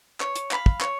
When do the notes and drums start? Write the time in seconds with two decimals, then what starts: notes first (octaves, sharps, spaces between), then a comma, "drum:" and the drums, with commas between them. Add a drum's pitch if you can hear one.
0.20 C#5, drum: clap
0.35 drum: hi-hat
0.51 F5 B5, drum: clap
0.66 drum: kick
0.81 C#5, drum: clap